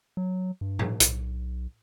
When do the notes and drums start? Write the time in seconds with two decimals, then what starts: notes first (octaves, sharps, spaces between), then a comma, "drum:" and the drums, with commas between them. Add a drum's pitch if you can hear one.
0.17 F#3
0.61 G2
0.79 drum: tom A2
1.00 B1, drum: hi-hat